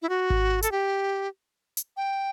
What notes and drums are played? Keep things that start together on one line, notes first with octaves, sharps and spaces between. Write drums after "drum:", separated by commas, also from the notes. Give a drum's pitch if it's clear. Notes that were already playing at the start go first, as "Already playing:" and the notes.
E4
F#4
drum: kick G#1
A4, drum: hi-hat
G4
drum: hi-hat
G5